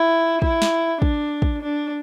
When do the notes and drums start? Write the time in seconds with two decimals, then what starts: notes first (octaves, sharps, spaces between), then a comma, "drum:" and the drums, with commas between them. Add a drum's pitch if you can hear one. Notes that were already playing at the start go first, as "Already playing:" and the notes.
Already playing: E4
0.42 E4, drum: kick
0.62 drum: snare
1.02 D4, drum: kick
1.42 drum: kick
1.63 D4